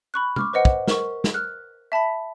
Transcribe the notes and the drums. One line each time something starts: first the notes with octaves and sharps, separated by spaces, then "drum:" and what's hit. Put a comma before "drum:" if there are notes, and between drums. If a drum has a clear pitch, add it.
B5 C#6 F#6
C#6 D6 F6, drum: tom
B4 C5 D#5 F#5
drum: kick
A#4 C#6, drum: snare
drum: snare
F6 F#6
E5 A5 B5 B6